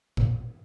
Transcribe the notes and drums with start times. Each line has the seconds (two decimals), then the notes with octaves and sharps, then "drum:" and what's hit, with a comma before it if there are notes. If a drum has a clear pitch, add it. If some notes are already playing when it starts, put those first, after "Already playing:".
0.17 A#2, drum: kick G#1